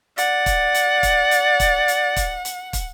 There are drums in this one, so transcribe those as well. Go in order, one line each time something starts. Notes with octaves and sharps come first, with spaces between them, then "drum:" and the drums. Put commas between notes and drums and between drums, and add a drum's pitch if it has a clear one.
D5 F#5, drum: hi-hat
drum: kick, hi-hat
drum: hi-hat
drum: kick, hi-hat
drum: hi-hat
drum: kick, hi-hat
drum: hi-hat
drum: kick, hi-hat
drum: hi-hat
drum: kick, hi-hat